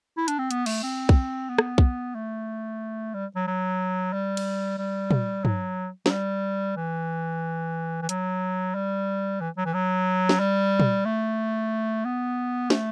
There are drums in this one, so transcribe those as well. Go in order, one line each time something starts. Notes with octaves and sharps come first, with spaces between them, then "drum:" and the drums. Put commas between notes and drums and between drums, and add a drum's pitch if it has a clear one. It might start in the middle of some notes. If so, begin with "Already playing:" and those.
E4
D4, drum: hi-hat
C4
B3, drum: hi-hat
A3, drum: cymbal
C4
drum: kick B1
B3
drum: rim click
drum: kick B1
A3
G3
F#3
F#3
G3
drum: cymbal
G3
drum: tom A#2
F#3, drum: tom G2
F#3, drum: snare
G3
E3
E3
F#3, drum: hi-hat
G3
E3
F#3
E3
F#3
drum: snare
G3
drum: tom A#2
A3
B3
A3, drum: snare